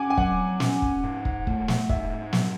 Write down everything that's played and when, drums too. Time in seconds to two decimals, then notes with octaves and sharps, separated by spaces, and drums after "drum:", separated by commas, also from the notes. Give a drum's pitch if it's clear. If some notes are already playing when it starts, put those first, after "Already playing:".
Already playing: C#4 F#5 G#5 D6
0.10 G#5
0.17 F#3 F#5, drum: kick
0.60 C#4, drum: snare
0.82 drum: kick
1.04 G#2
1.25 drum: kick
1.47 A3, drum: kick
1.68 drum: snare
1.89 G#2 E5, drum: kick
2.33 F#3, drum: snare